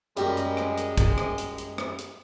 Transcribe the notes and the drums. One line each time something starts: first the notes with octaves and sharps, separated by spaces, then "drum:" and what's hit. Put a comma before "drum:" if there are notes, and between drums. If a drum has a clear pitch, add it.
F#2 G3 G#3 A#3 G4 G5, drum: hi-hat
drum: hi-hat
drum: rim click
drum: hi-hat
drum: kick, hi-hat
drum: rim click
drum: hi-hat
drum: hi-hat
drum: rim click
drum: hi-hat